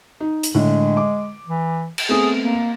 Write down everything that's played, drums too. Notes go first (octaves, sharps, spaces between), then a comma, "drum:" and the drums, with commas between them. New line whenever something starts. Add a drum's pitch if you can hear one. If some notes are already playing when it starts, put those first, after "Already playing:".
D#4
drum: hi-hat
A2 D3 G#3
D6
E3
drum: cymbal
A3 B3 C4 G#4
A#3